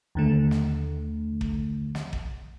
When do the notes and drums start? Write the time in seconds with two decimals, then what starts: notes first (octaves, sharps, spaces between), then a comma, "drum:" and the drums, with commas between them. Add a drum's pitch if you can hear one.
0.15 D#2 D3 A3
0.51 drum: snare
1.41 drum: kick
1.95 drum: snare
2.13 drum: kick